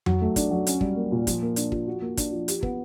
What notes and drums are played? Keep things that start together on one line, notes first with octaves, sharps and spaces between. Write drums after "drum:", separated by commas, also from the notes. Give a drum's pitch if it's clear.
F#3, drum: tom F2
A3
D4, drum: kick, hi-hat
F#3
C#4, drum: hi-hat
G3, drum: kick
A#3
A#2
F3, drum: kick, hi-hat
A#3
D4, drum: hi-hat
F3, drum: kick
F#4
A#3
D4, drum: kick, hi-hat
F3
G4, drum: hi-hat
B3, drum: kick